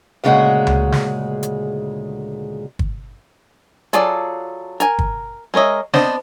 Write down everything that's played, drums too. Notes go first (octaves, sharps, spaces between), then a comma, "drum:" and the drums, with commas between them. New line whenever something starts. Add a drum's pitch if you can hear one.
D2 A#2 C#3 G#3 G#4 F#5
drum: tom C#2
drum: snare
drum: hi-hat
drum: kick
F#3 F4 G#4 A4 D5, drum: hi-hat
A#4 G#5, drum: hi-hat
drum: kick
G#3 A#4 C#5 D#5 E5
B3 C4 D4 C5 D#5, drum: snare